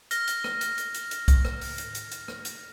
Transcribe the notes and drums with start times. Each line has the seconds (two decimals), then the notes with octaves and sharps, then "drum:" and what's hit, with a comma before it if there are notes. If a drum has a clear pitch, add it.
0.11 F6 A#6, drum: hi-hat
0.28 drum: hi-hat
0.44 drum: rim click
0.61 drum: hi-hat
0.78 drum: hi-hat
0.95 drum: hi-hat
1.11 drum: hi-hat
1.28 drum: kick B1, hi-hat
1.45 drum: rim click
1.61 drum: open hi-hat
1.78 drum: hi-hat
1.95 drum: hi-hat
2.12 drum: hi-hat
2.28 drum: rim click
2.45 drum: hi-hat